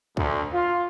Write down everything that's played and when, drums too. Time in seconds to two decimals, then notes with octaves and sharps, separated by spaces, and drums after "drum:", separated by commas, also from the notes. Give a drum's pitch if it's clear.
0.17 D2, drum: kick
0.54 F4